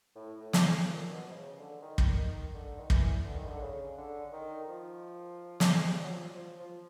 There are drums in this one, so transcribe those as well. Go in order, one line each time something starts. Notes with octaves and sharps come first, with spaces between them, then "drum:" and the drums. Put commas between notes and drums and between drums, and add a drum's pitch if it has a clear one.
A2
A2
drum: snare
G#2
A#2
B2
C3
C#3
D3
D#3
drum: kick
D#3
D3
D#3
E3, drum: kick
D3
D#3
D3
C#3
D3
D#3
F3
drum: snare
G#3
G3
F#3
F3
F3
F3